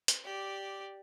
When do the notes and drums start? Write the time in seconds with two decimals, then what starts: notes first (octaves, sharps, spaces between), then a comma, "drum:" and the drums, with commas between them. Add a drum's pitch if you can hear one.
0.08 drum: hi-hat
0.24 G4 D5